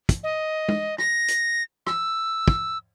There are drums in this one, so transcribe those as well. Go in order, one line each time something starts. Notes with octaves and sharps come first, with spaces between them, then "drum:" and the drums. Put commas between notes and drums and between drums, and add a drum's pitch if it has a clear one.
drum: kick, hi-hat
D#5
drum: tom
A#6, drum: rim click
drum: hi-hat
E6, drum: rim click
drum: kick